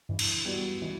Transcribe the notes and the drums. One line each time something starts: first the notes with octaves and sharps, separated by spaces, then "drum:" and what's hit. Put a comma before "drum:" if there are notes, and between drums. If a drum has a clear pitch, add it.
G2 E3
drum: cymbal
G3 B3 F#4
E3